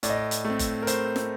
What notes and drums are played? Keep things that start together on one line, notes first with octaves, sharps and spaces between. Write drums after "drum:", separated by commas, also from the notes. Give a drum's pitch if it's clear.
A2 D5, drum: hi-hat
D#5
D5
drum: hi-hat
A3 C4
drum: kick F#1, hi-hat
A#4
A2 C5, drum: hi-hat
drum: snare